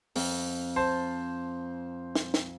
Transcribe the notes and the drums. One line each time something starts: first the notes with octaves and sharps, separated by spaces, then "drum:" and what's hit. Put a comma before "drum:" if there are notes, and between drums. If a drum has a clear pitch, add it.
F2, drum: open hi-hat
C5 A5
drum: snare
drum: snare